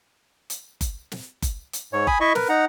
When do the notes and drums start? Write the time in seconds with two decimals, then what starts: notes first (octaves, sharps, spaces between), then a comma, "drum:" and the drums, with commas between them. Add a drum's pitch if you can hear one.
0.50 drum: hi-hat
0.81 drum: kick F#1, hi-hat
1.12 drum: snare
1.42 drum: kick F#1, hi-hat
1.73 drum: hi-hat
1.93 G#2 C#5
2.07 G#5 B5 D#6, drum: kick F#1
2.21 E4 D#5 E5 C#6
2.35 A#4 B4, drum: snare
2.49 D#4 F#5 A#5